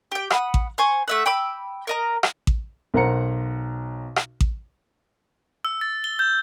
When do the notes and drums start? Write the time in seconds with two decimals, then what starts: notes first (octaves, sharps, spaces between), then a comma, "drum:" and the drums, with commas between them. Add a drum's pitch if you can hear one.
0.12 G4 G5
0.30 F#5 B5 D#6, drum: rim click
0.54 drum: kick A1
0.78 C5 G#5 C#6
1.08 A3 E5 F#5
1.26 G5 B5 D6 E6
1.87 A#4 D#5 A#5
2.23 drum: rim click
2.47 drum: kick A1
2.94 B1 A#4 C5 F#5 A#5 C#7
4.16 drum: rim click
4.40 drum: kick A1
5.65 E6
5.81 A6
6.04 G7
6.19 G6